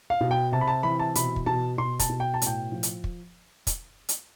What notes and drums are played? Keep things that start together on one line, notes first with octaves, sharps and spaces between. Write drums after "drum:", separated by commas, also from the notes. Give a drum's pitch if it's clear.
F5
B2
G5
C3 A5
B5
A5
E3 B5
A5
B2 B5, drum: hi-hat
drum: kick
B2 A5
B2 C6
A5, drum: kick, hi-hat
B2
G5
A5
A2 G5, drum: hi-hat
F3
drum: hi-hat
drum: kick
drum: kick, hi-hat
drum: hi-hat